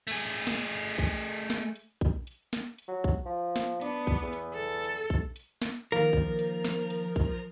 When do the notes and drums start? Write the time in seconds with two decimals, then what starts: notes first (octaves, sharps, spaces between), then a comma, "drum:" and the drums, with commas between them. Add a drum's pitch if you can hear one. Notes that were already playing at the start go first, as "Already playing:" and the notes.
0.07 A3 G#4
0.21 drum: hi-hat
0.47 drum: snare
0.73 drum: hi-hat
0.98 drum: kick A#1
1.24 drum: hi-hat
1.50 drum: snare
1.76 drum: hi-hat
2.01 drum: kick A#1
2.27 drum: hi-hat
2.53 drum: snare
2.78 drum: hi-hat
2.88 F#3
3.04 drum: kick A#1
3.25 F3
3.56 drum: snare
3.81 B3 D4, drum: hi-hat
4.07 drum: kick A#1
4.23 E2
4.33 drum: hi-hat
4.54 A4
4.84 drum: hi-hat
5.10 drum: kick A#1
5.36 drum: hi-hat
5.62 drum: snare
5.92 D#3 F3 A#3 A#4
6.13 drum: kick A#1
6.39 drum: hi-hat
6.64 drum: snare
6.90 drum: hi-hat
7.16 drum: kick A#1